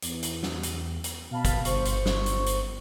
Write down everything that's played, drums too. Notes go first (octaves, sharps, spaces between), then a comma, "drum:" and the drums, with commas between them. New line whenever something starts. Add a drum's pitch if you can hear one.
E2, drum: hi-hat
drum: hi-hat
drum: snare
drum: hi-hat
drum: hi-hat
B2 F5 A5 B5
drum: kick, hi-hat
G1 C5 C#6, drum: hi-hat
drum: hi-hat
drum: snare
drum: hi-hat
drum: hi-hat